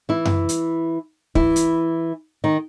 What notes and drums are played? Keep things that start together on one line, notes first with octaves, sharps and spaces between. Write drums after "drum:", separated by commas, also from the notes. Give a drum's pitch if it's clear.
E3 E4
drum: tom F#2
drum: hi-hat
E3 E4, drum: kick
drum: hi-hat
D#3 D#4